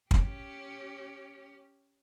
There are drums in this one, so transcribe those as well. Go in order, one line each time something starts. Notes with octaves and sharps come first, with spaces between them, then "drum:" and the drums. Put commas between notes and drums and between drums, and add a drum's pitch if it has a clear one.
C#4 G4, drum: kick